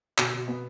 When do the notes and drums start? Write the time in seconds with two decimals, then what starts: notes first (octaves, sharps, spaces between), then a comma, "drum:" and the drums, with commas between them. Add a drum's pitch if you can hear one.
0.18 B2, drum: clap
0.34 B2
0.48 B3